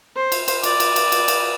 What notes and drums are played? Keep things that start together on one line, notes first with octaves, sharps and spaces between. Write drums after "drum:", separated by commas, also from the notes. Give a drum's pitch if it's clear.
C5
drum: cymbal
drum: cymbal
D5, drum: cymbal
drum: cymbal
drum: cymbal
drum: cymbal
drum: cymbal